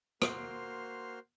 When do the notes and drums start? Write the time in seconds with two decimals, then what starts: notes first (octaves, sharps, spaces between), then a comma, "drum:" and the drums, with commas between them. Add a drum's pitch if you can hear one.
0.22 A#3 F#4 C5 C6 F6, drum: rim click